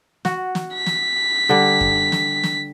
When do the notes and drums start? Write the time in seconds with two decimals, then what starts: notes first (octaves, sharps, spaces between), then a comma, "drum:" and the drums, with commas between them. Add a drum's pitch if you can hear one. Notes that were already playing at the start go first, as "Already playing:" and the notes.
0.25 F#4, drum: snare
0.55 drum: snare
0.75 B6
0.86 drum: snare
1.49 D3 G3
1.81 drum: kick F#2
2.12 drum: snare
2.44 drum: snare